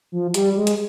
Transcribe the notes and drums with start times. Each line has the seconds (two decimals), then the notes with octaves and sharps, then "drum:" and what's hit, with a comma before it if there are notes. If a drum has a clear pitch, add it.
0.12 F3
0.34 G3, drum: hi-hat
0.56 G#3
0.67 drum: hi-hat